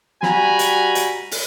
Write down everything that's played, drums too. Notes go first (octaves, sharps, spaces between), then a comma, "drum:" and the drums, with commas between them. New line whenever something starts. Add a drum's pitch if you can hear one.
G3 F#4 G#5 A#5 B5, drum: snare
drum: hi-hat
drum: hi-hat
drum: open hi-hat